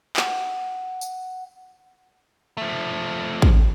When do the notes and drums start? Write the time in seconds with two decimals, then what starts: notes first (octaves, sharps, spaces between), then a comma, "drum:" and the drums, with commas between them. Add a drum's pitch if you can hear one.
0.16 F#5, drum: clap
1.01 drum: tambourine
2.57 F3 A3
3.42 drum: kick A1